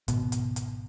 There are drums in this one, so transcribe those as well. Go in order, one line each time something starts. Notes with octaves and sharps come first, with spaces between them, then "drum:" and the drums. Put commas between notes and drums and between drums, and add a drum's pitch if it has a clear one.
G#1 C#2 B2, drum: hi-hat
drum: hi-hat
drum: hi-hat